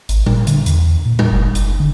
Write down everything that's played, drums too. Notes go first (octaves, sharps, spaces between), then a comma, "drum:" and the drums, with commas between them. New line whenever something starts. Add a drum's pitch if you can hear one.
G#1, drum: hi-hat
A#2, drum: tom G3
D3, drum: hi-hat
E2, drum: hi-hat
A#2
drum: tom G3
F#1
F#1, drum: hi-hat
D3